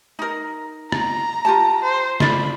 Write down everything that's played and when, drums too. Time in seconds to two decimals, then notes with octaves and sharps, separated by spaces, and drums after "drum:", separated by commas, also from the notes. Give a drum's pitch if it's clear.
0.19 D#4 A#4
0.92 A#5, drum: rim click
1.45 F4 G4 A5
1.84 C5
2.20 F4 D5 B5, drum: snare